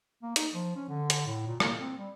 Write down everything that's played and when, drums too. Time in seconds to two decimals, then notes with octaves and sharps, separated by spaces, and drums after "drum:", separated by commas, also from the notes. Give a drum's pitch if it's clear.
0.23 A#3
0.36 D#4, drum: hi-hat
0.54 F3
0.76 C#4
0.89 D3
1.10 drum: hi-hat
1.26 A2
1.47 A#2
1.60 A#3, drum: rim click
1.79 C4
1.98 G3